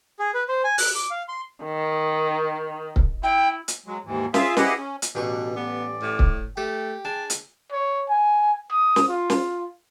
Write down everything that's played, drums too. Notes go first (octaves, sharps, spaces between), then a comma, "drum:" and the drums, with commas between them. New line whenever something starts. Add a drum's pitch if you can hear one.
G#4
B4
C5
G#5
F#6, drum: open hi-hat
D6
F5
C6
D#3
drum: kick C#1
E4 G5
drum: hi-hat
F#3 G#3
D#2 G#2 E3
F4 G#4 E5 F5, drum: snare
E4 G4 G#4 B4 D#5 F#5, drum: snare
C#4
drum: hi-hat
A1 B2 G3 D4 C#6
B3 D5
A2
drum: kick C#1
A3 G4 G5
D4 G#4
drum: hi-hat
C#5
G#5
D#6
drum: snare
F4
drum: snare